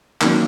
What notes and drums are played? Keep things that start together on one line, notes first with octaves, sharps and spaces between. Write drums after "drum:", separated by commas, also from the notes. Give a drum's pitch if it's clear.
D#3 F#3 A#3 C#4, drum: clap